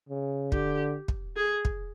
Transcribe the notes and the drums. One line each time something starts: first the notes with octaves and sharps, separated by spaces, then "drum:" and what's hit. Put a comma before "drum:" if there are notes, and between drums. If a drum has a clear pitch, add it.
C#3
D3 G4, drum: kick
drum: kick
G#4
drum: kick